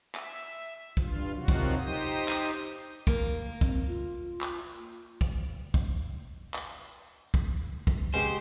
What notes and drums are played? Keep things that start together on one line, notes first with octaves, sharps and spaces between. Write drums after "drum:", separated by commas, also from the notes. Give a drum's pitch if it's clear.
E5, drum: clap
G2 F4, drum: kick
C3 D#3 F3 F#3 F4 F#4
drum: kick
D#4 G4 C5 D#6
drum: clap
A#3, drum: kick
C4, drum: kick
F4
drum: clap
drum: kick
drum: kick
drum: clap
drum: kick
drum: kick
C#3 G#3 B3 G4 C5